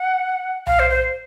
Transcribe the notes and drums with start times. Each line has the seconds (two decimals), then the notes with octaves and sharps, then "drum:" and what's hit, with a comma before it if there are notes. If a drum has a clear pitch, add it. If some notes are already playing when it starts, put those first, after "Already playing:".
Already playing: F#5
0.67 F5, drum: tom B1
0.79 C5
0.90 C5